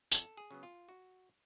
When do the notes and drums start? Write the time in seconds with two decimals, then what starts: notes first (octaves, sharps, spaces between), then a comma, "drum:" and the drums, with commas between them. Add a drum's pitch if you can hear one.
0.12 F2 A4, drum: tambourine
0.37 G#4
0.51 C#3 F#3 B3
0.63 F4
0.89 F#4